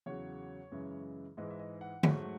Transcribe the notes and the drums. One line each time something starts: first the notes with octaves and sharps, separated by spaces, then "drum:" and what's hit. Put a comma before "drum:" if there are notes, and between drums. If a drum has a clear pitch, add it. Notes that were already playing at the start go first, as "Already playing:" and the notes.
E2 C#3 F#3 C#5
F#2 C#3 E3 G#3
G#2 E3 G#3 D#5
E5
D#5
F#5
G#2 F#3 A3, drum: tom D3